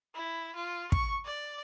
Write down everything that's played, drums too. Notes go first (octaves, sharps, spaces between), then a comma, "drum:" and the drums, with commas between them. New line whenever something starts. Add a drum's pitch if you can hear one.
E4
F4
C#6, drum: kick
D5